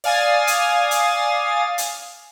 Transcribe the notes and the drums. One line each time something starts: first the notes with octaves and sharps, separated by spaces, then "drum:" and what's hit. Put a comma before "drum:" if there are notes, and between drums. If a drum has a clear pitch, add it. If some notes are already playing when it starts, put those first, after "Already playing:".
D5 F5 G#5 D#6 A6, drum: open hi-hat
drum: hi-hat
drum: hi-hat
drum: hi-hat